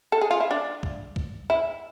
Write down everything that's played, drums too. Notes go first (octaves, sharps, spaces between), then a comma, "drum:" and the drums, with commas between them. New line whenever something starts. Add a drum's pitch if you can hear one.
A4
G#4
F4
E4
D4
drum: kick
drum: kick
E4